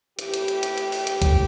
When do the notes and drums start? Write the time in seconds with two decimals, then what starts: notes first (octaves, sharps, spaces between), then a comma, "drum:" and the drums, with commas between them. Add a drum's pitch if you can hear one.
0.19 A2 E3 G4, drum: hi-hat
0.34 drum: hi-hat
0.48 drum: hi-hat
0.63 drum: hi-hat
0.78 drum: hi-hat
0.92 drum: open hi-hat
1.07 drum: hi-hat
1.22 drum: kick B1, hi-hat